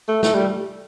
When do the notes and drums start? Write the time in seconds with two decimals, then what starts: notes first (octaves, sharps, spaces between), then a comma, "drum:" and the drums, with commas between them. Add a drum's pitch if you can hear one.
0.09 A3
0.23 A3, drum: snare
0.34 G3